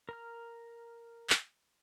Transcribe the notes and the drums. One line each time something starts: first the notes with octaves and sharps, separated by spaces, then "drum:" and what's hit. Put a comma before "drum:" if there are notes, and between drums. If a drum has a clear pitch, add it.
A#4 A#5 F6
drum: clap